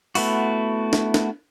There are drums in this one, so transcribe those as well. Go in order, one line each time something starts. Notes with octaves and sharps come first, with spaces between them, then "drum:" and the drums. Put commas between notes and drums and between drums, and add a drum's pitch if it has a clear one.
A3 B3 E4 F#4, drum: open hi-hat
drum: snare
drum: snare